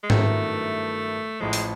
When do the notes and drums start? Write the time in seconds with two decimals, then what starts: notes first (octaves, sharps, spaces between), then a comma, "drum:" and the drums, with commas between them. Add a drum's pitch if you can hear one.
0.03 G#3
0.10 G2 D#3 F#3 A3 B3 E4, drum: tom G#2
1.40 A1 A2 F3 G#3
1.53 drum: open hi-hat